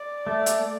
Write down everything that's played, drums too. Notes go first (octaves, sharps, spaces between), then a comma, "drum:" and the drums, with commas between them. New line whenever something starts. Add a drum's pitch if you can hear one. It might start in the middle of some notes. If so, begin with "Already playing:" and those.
Already playing: D5
A3
drum: hi-hat